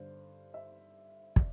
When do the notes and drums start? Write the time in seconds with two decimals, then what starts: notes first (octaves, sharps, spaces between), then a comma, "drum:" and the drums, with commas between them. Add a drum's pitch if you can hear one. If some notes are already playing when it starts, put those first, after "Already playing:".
Already playing: G2 D3 C5
0.54 E5
1.36 D5, drum: kick